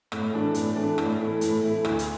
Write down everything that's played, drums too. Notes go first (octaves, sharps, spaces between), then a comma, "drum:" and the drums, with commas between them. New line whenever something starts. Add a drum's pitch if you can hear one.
A2, drum: rim click
E3 A3 D4
A2, drum: hi-hat
E3 A3 D4
A2, drum: rim click
E3 A3 E4
A2, drum: hi-hat
E3 A3 E4
D2, drum: rim click
drum: hi-hat